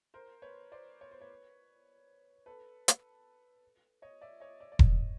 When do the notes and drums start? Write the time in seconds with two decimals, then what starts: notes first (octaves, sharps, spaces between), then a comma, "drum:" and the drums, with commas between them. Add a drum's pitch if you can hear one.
0.14 A#4 C5
0.42 B4 C#5
0.72 C5 D5
1.01 C#5
1.11 C5
1.21 B4 C#5
2.46 A4 B4
2.88 drum: hi-hat
4.02 C#5 D#5
4.22 D5 E5
4.40 C#5 D#5
4.60 D5 E5
4.72 D5
4.79 C#5 D#5, drum: kick E1